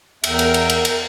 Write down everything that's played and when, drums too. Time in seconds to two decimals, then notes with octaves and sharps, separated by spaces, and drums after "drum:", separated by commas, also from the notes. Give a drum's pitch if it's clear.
0.24 E2 A#4 E5 G5, drum: cymbal
0.39 drum: cymbal
0.54 drum: cymbal
0.69 drum: cymbal
0.85 drum: cymbal